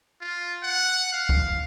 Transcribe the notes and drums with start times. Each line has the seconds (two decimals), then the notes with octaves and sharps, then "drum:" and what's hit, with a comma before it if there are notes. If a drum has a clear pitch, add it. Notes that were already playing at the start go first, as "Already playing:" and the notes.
0.21 F4
0.63 F#5
1.13 F5
1.29 drum: kick C#2